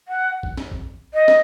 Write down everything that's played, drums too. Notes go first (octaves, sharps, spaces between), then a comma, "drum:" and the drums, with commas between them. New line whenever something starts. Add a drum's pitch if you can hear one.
F#5
drum: kick A#1
drum: snare
drum: kick A#1
D#5
drum: snare